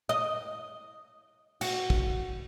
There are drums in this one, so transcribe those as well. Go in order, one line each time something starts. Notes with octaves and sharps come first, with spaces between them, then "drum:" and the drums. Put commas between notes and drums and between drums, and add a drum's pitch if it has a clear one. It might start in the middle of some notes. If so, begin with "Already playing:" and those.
D#5
F#4, drum: cymbal
drum: kick